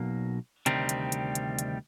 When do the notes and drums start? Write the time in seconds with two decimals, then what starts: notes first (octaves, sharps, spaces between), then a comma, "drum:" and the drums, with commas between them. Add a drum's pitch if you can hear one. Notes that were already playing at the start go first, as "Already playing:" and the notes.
Already playing: B1 B2 F#3 A#3
0.66 D2 C3 D#3 G3 C4, drum: hi-hat
0.89 drum: hi-hat
1.12 drum: hi-hat
1.35 drum: hi-hat
1.59 drum: hi-hat